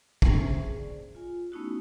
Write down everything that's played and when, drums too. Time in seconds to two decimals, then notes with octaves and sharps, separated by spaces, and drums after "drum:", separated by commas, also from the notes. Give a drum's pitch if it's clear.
0.22 C#4 G#4 C5 E5, drum: kick
0.78 D5
1.15 F4 G#5
1.52 A3 B3 C#4 D#4 E4 F#4